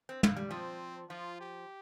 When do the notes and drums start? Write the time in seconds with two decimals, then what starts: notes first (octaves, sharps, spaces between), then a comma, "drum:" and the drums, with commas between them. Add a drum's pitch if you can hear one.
0.09 C4
0.23 A#3, drum: tom
0.36 G3
0.49 F3 C4
1.10 F3 F4
1.40 G4